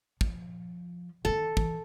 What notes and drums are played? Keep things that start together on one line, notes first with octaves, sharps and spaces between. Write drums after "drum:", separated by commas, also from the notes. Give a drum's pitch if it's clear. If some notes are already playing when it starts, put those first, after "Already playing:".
F3, drum: kick
D#3 D4 A4
E3, drum: kick